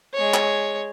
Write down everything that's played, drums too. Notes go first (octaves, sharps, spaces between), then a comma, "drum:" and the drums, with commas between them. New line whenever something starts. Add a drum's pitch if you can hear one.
G#3 C#5
drum: clap